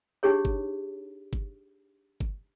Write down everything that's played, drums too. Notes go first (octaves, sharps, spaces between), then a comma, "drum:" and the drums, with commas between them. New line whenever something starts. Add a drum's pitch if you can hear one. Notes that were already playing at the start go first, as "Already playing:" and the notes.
D4 D#4 G4 G#4 C#5
drum: kick G1
drum: kick G1
drum: kick G1